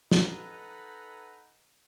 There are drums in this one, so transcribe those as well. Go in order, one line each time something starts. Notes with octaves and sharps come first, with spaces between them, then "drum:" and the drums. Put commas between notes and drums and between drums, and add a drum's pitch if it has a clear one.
D#4 A4 B4 F#5 G#5 A#5, drum: snare